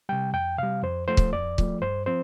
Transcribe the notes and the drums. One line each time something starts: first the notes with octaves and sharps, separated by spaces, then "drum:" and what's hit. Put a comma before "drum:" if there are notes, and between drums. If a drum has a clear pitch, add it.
C3 G3 G5
F2 G5
C3 G3 F5
F2 C5
F3 A3 C5
drum: kick C#1
F2 D5
F3 A3, drum: kick C#1
G2 C5
F3 C4 C5